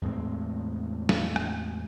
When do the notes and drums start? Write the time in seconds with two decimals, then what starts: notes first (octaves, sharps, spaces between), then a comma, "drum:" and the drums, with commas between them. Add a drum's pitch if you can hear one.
0.02 E2 A2 G#3 C4
1.09 drum: snare
1.36 drum: rim click